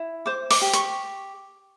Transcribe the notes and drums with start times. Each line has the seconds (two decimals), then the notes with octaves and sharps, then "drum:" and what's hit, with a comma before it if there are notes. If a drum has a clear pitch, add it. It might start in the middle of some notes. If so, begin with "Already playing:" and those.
Already playing: E4
0.26 C5 D6
0.51 D6, drum: open hi-hat
0.62 G4
0.73 C#6, drum: hi-hat